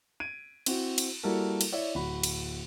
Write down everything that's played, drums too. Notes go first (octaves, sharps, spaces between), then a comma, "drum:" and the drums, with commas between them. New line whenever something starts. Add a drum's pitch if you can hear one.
G#6 D7 D#7
C4 E4 F#4, drum: cymbal
drum: cymbal
G3 A#3 E4 F#4 A4 A#4
drum: cymbal
E4 C#5 D5 E5
D1 F#4 B5
drum: cymbal